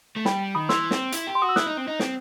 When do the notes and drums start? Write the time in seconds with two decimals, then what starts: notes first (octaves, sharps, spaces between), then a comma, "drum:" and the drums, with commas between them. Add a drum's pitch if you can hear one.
0.16 A3
0.25 G3 G5 B5, drum: snare
0.55 D#3 B5 D#6
0.69 E3 C6 E6, drum: snare
0.91 C4, drum: snare
1.12 E4, drum: hi-hat
1.27 G4
1.35 C6
1.42 F#4 D#6
1.49 E6
1.56 E4 D#6 F#6, drum: snare
1.67 D#4
1.77 C4
1.88 D#4
2.00 C4, drum: snare